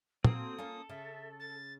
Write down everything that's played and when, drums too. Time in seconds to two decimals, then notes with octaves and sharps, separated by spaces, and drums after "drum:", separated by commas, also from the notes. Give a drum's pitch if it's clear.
0.24 A#3 C4 F#4 A4 D#6, drum: tom
0.59 A#3 C#4 F4 A4
0.89 C#3 E5
1.39 A6